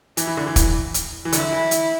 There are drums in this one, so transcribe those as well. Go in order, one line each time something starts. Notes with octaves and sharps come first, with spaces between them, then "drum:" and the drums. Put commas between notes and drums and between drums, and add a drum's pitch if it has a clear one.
E3 E4, drum: hi-hat
E3
D3
E3
drum: kick, hi-hat
drum: hi-hat
E3
D3 E4, drum: hi-hat
E3
drum: hi-hat